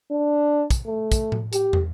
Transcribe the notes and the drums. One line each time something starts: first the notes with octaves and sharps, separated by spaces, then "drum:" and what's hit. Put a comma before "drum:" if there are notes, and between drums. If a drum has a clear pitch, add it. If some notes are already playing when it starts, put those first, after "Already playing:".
D4
drum: kick, hi-hat
A3
drum: kick, hi-hat
drum: tom A2
G4, drum: hi-hat
drum: tom